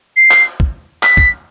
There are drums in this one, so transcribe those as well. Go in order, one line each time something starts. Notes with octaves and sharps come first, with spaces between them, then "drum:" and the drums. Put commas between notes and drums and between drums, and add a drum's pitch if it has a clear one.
C7
drum: clap
drum: kick
B6, drum: clap
drum: kick